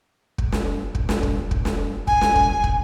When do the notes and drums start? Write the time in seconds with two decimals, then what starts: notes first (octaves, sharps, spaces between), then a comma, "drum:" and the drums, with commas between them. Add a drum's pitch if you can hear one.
0.38 drum: kick
0.52 drum: snare
0.95 drum: kick
1.09 drum: snare
1.23 drum: kick
1.51 drum: kick
1.65 drum: snare
2.07 G#5, drum: kick
2.21 drum: snare
2.35 drum: kick
2.64 drum: kick